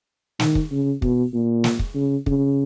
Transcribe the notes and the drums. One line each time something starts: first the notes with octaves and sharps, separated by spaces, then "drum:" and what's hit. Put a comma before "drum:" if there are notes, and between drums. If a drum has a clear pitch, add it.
D#3, drum: snare
drum: kick
C#3
B2, drum: kick
A#2
drum: snare
drum: kick
C#3
C#3, drum: kick